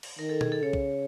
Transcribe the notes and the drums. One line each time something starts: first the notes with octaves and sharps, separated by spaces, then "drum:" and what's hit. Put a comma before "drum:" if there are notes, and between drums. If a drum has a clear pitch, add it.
drum: cymbal
D#3 A#4
A4
G#4, drum: tom B2
A4
C#3 C#5
drum: kick